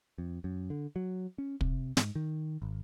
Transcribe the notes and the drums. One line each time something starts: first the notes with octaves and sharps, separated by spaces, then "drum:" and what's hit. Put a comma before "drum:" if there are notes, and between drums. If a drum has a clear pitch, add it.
F2
F#2
D3
F#3
C#4
C3, drum: kick
G#2, drum: snare
D#3
G#1